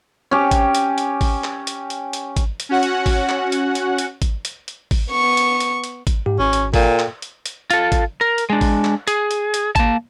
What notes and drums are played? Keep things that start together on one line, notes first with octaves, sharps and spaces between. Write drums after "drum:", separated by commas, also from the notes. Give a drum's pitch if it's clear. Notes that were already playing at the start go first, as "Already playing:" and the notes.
C#4 G4
drum: kick G#1, hi-hat
drum: hi-hat
drum: hi-hat
drum: kick G#1, open hi-hat
drum: clap
drum: hi-hat
drum: hi-hat
drum: hi-hat
drum: kick G#1, hi-hat
drum: hi-hat
C#4 F#4 F#5
drum: hi-hat
drum: kick G#1, open hi-hat
drum: clap
drum: hi-hat
drum: hi-hat
drum: hi-hat
drum: kick G#1, hi-hat
drum: hi-hat
drum: hi-hat
drum: kick G#1, open hi-hat
B3 C#6
drum: hi-hat
drum: hi-hat
drum: hi-hat
drum: kick G#1, hi-hat
G#2 G4
G#1 C#4
drum: hi-hat
A#2 A4 F5 G5, drum: kick G#1, open hi-hat
drum: clap
drum: hi-hat
drum: hi-hat
F4 A4, drum: hi-hat
drum: kick G#1, hi-hat
A#4
drum: hi-hat
G#3 D4
drum: kick G#1, open hi-hat
drum: clap
G#4, drum: hi-hat
drum: hi-hat
drum: hi-hat
A#3 A5, drum: kick G#1, hi-hat